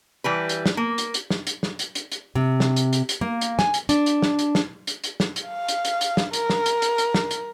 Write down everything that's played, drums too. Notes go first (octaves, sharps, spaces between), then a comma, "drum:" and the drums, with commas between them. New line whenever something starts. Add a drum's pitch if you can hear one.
E3 G3 B4
drum: hi-hat
drum: snare
A#3
drum: hi-hat
drum: hi-hat
drum: snare
drum: hi-hat
drum: snare
drum: hi-hat
drum: hi-hat
drum: hi-hat
C3
drum: snare
drum: hi-hat
drum: hi-hat
drum: hi-hat
A#3
drum: hi-hat
G#5, drum: snare
drum: hi-hat
D4, drum: hi-hat
drum: hi-hat
drum: snare
drum: hi-hat
drum: snare
drum: hi-hat
drum: hi-hat
drum: snare
drum: hi-hat
F5
drum: hi-hat
drum: hi-hat
drum: hi-hat
drum: snare
A#4, drum: hi-hat
drum: snare
drum: hi-hat
drum: hi-hat
drum: hi-hat
drum: snare
drum: hi-hat